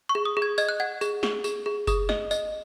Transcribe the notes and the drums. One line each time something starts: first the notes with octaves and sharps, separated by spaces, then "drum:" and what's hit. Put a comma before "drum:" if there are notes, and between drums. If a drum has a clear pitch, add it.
C#6
G#4
D#6
G#4
G#6
D#5 G#6, drum: tambourine
F#6
F#5 G#6
G#4, drum: tambourine
G#4, drum: snare
G#4, drum: tambourine
G#4
G#4 D#6, drum: kick F#1, tambourine
D#5, drum: snare
D#5, drum: tambourine